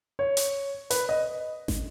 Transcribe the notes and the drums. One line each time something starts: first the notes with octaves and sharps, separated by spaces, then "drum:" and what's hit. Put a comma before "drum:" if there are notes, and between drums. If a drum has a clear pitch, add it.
C#5
drum: hi-hat
B4, drum: hi-hat
D#5
drum: snare